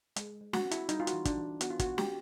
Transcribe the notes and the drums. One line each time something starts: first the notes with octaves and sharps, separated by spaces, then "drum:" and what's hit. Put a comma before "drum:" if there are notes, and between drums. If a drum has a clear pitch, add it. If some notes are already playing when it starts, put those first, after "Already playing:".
G#3, drum: hi-hat
G#3
F#4, drum: snare
C4
E4, drum: hi-hat
G3 D#4, drum: hi-hat
F4
F#4, drum: hi-hat
E3
D4, drum: kick, hi-hat
E3
B3 F#4, drum: hi-hat
F4
F#4, drum: kick, hi-hat
B3
G4, drum: snare